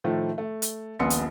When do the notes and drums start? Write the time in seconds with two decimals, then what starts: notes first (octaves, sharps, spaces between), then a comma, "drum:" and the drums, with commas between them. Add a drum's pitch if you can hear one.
0.04 A2 D#3 F3 A3
0.38 A3
0.62 drum: hi-hat
0.99 D#1 A#1 B3 C6 D#6 C#7
1.10 drum: hi-hat